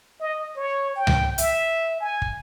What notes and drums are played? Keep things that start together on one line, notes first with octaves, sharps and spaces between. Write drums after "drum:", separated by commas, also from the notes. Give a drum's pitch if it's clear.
D#5
C#5
G5
drum: tom C#2
E5, drum: hi-hat
G#5
drum: kick